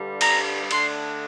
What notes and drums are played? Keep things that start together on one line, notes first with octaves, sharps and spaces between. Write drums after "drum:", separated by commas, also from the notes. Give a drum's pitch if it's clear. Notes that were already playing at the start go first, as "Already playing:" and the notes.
Already playing: G2 D3 G3
A#5, drum: cymbal
D3 A3 D4 C6, drum: cymbal